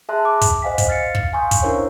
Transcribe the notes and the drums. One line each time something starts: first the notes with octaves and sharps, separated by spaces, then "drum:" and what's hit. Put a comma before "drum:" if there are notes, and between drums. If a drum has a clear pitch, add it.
G#4 E5 A5 C6 F#6
D6
drum: kick, hi-hat
C5 D#5 F5 F#5 G#5 B6
drum: kick, hi-hat
F5 F6 A6 C7 C#7
drum: kick
F5 G#5 C6 C#6 D#6 G6
drum: kick, hi-hat
C#4 D4 E4 A#4 C5 C#5